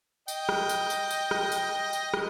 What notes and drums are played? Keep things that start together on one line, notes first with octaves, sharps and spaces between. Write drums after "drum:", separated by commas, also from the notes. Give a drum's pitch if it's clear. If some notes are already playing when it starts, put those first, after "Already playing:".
D#5 G5, drum: tambourine
drum: rim click
drum: tambourine
drum: tambourine
drum: tambourine
drum: rim click
drum: tambourine
drum: tambourine
drum: rim click